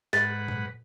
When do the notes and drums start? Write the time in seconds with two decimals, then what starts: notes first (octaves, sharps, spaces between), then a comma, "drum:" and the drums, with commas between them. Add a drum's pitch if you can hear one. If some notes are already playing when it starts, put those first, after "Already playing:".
0.13 G#2 B4 F#5 A6, drum: snare
0.48 drum: tom A#2